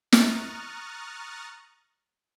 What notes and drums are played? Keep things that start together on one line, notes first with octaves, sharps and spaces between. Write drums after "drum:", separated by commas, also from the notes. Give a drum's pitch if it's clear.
A#5 C#6 D#6 F6 F#6 A6, drum: snare